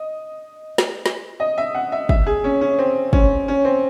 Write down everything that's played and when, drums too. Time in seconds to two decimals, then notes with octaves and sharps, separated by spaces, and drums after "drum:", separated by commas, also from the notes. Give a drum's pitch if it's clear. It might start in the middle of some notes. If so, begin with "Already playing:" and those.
Already playing: D#5
0.78 drum: snare
1.06 drum: snare
1.40 D#5
1.58 E5
1.75 F#5
1.92 E5
2.09 E5, drum: kick
2.27 G#4
2.44 C#4
2.61 C#4
2.79 C4
3.13 C#4, drum: kick
3.48 C#4
3.65 C4